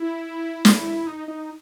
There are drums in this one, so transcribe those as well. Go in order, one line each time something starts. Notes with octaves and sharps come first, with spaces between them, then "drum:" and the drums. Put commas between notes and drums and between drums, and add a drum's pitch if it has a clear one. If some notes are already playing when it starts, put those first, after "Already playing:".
Already playing: E4
drum: snare
D#4
D#4